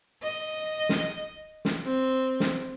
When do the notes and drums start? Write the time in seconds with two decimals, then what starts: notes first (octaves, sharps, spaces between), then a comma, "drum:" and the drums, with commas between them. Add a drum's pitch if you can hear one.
0.22 D#5
0.89 drum: snare
1.65 drum: snare
1.84 C4
2.40 drum: snare